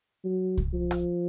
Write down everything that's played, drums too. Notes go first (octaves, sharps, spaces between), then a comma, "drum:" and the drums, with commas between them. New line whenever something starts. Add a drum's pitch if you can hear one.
F#3
drum: kick C2
F3
drum: rim click